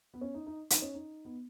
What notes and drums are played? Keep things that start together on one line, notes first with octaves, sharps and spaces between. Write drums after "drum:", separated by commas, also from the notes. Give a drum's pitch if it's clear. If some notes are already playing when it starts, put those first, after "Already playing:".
B3
C#4
D#4
D#4
D#4, drum: hi-hat
C#4
D#4
B3